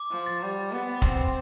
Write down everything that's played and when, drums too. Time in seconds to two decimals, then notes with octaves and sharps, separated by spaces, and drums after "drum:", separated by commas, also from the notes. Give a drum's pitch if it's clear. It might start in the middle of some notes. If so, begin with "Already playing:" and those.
Already playing: D6
0.11 F3
0.26 A6
0.43 G3
0.71 B3
1.02 C4, drum: kick